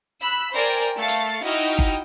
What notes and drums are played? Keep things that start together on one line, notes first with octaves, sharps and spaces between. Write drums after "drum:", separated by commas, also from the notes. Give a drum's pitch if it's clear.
B5 E6 F#6
A#4 C5 D5 G5 G#5
A3 A4 F5 A6 C#7
drum: hi-hat
D#4 E4 F#4 D#5 G5 F6
drum: kick G1